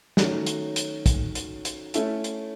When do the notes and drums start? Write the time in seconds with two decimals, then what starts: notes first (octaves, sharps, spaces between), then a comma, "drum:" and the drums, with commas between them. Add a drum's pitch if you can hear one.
0.17 D#3 F#3 A3 C#4 F#4, drum: snare
0.46 drum: hi-hat
0.76 drum: hi-hat
1.06 drum: kick, hi-hat
1.35 drum: hi-hat
1.65 drum: hi-hat
1.94 A3 C#4 E4 A4, drum: hi-hat
2.24 drum: hi-hat